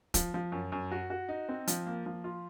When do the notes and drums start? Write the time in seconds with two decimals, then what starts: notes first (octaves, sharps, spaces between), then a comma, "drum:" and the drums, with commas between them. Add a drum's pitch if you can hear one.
0.14 F3, drum: kick, hi-hat
0.34 F3
0.52 F#2
0.72 F#2
0.91 F#4
1.10 F#4
1.29 D#4
1.49 C4
1.68 F3, drum: hi-hat
1.87 A#3
2.06 F3
2.24 F4